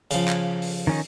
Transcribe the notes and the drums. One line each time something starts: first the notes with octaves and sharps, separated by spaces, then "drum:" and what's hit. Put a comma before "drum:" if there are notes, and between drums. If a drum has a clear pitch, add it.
C#3 F3, drum: hi-hat
drum: clap
drum: open hi-hat
D#3 C#4 D#4